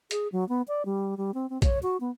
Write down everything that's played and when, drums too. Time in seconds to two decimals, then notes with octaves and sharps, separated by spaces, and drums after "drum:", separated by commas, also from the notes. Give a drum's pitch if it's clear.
0.11 G#4, drum: hi-hat
0.32 F#3
0.49 B3
0.68 D5
0.85 G3
1.17 G3
1.34 C4
1.50 C4
1.62 C#5, drum: kick B1, hi-hat
1.83 F#4
2.00 B3